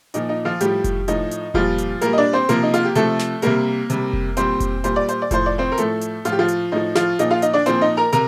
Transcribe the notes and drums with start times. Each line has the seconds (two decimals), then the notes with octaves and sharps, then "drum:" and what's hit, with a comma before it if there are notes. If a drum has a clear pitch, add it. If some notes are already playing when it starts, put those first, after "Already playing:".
0.14 A#2 F3 D#4, drum: hi-hat
0.29 D#4
0.45 F3 F4
0.60 A2 F3 G3 G4, drum: hi-hat
0.84 drum: kick F1, hi-hat
1.08 A2 F3 D#4, drum: hi-hat
1.31 drum: hi-hat
1.54 A#2 F3 G3 F4, drum: kick F1
1.78 drum: hi-hat
2.01 A#2 G3 A#3 A#4, drum: hi-hat
2.13 D#5
2.18 D4 D5
2.33 C4 C5
2.49 C3 F3 A#3 A#4, drum: hi-hat
2.63 D#4
2.74 F4, drum: hi-hat
2.85 G4
2.95 C3 F3 A3 A4, drum: hi-hat
3.19 drum: snare
3.42 C3 G3 A#3 A#4, drum: hi-hat
3.90 C3 G3, drum: hi-hat
4.13 drum: kick F1
4.37 A#2 G3 C4 C5, drum: hi-hat
4.60 drum: kick F1, hi-hat
4.84 A#2 G3 C5, drum: hi-hat
4.96 D5
5.09 C5, drum: hi-hat
5.22 D5
5.31 A2 F3 C5, drum: kick F1, hi-hat
5.46 D5
5.58 C4 C5
5.72 A#4
5.78 A2 F3 A3 A4, drum: hi-hat
6.01 drum: hi-hat
6.25 A2 F3 F4, drum: hi-hat
6.32 G4
6.39 F3 F4
6.48 drum: hi-hat
6.72 A2 F3 D#4
6.95 F3 F4, drum: snare
7.19 A#2 F3 D#4 D#5, drum: hi-hat
7.30 F4 F5
7.42 D#4 D#5, drum: hi-hat
7.54 D4 D5
7.66 A#2 F3 C4 C5, drum: hi-hat
7.81 D#4 D#5
7.97 A#4 A#5
8.12 C3 A#4 A#5, drum: hi-hat